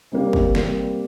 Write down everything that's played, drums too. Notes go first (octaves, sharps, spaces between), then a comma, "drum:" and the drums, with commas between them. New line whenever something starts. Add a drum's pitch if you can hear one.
C3 G3 A#3
drum: kick
C3 G3 A#3, drum: snare